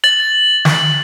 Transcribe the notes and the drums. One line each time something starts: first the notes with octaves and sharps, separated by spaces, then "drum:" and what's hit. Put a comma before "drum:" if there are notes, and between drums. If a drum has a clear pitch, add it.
A6 F#7
drum: snare